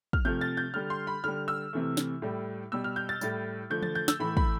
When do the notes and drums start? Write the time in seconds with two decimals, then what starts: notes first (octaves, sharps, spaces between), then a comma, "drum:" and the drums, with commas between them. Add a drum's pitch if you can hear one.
0.13 F6, drum: kick
0.25 C3 F3 A3 G6
0.41 A6
0.57 G6
0.74 D3 G3 F6
0.90 C6
1.07 B5
1.24 D3 G3 F6
1.48 E6
1.73 C3 E3 A3
1.97 drum: snare
2.22 A2 G3
2.72 B2 G3 E6
2.84 F6
2.96 G6
3.09 A6
3.21 A2 G3, drum: tambourine
3.70 D3 F3 A3 G6
3.83 A6, drum: tom E3
3.95 G6
4.08 E6, drum: snare
4.20 A2 E3 A3 B5
4.37 B5, drum: kick